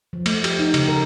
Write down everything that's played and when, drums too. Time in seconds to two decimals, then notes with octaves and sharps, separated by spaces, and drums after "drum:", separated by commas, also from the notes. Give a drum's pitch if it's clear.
0.13 F3
0.26 A3, drum: cymbal
0.44 G4, drum: cymbal
0.59 D#4
0.74 C#3, drum: cymbal
0.88 A#4